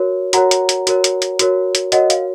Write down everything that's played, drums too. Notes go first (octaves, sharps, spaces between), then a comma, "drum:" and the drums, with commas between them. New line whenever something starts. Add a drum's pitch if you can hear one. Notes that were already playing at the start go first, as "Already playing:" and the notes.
Already playing: F#4 A#4 C#5
F#4 A#4 C#5 F#5 A#5, drum: hi-hat
drum: hi-hat
drum: hi-hat
F#4 A#4 C#5, drum: hi-hat
drum: hi-hat
drum: hi-hat
F#4 A#4 C#5, drum: hi-hat
drum: hi-hat
F#4 A#4 C#5 D#5 F#5, drum: hi-hat
F5, drum: hi-hat